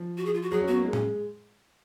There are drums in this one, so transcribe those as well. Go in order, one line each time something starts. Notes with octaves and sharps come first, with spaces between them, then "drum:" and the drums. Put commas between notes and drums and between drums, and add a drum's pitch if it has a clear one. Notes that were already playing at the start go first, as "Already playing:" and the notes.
Already playing: F3
F#4
G#4
F4
F#4
F#3 G#4
C#4
B3 F#4
A#3
G#3
C#4, drum: tom A2